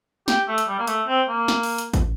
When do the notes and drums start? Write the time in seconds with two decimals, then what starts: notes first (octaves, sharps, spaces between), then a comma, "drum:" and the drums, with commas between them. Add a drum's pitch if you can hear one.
0.28 G4, drum: snare
0.48 A3
0.58 drum: hi-hat
0.68 G3
0.79 A#3
0.87 A3, drum: hi-hat
1.08 C4
1.28 A#3
1.48 drum: snare
1.63 drum: open hi-hat
1.78 drum: hi-hat
1.94 drum: kick, hi-hat